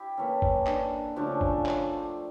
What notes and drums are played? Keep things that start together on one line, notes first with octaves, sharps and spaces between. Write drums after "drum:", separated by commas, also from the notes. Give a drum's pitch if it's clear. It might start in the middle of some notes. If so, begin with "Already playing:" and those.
Already playing: E4 G4
E3 A#3 C#4 A4
drum: kick
D4, drum: clap
C#3 F3 A3 C#4 D4
drum: kick
drum: clap